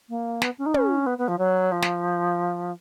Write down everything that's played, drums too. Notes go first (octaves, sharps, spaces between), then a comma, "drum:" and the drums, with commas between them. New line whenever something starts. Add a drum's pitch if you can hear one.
A#3
B3, drum: snare
C#4
D#4
C#4, drum: tom
B3
B3
F3
F#3
F3
drum: snare